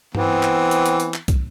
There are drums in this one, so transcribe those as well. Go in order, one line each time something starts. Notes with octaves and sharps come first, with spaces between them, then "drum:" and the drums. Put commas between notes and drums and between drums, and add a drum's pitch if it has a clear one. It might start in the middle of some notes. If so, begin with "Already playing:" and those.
E3 B3 C4, drum: tom G2
drum: clap
drum: hi-hat
drum: hi-hat
drum: hi-hat
drum: clap
drum: kick, hi-hat